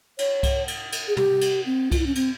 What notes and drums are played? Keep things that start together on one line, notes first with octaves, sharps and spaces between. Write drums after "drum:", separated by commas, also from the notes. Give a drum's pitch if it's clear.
C#5, drum: cymbal
drum: kick C2, cymbal
drum: cymbal
drum: cymbal
G#4
G4, drum: tom
drum: cymbal
C4
F4, drum: kick C2, cymbal
E4
C#4
C4, drum: cymbal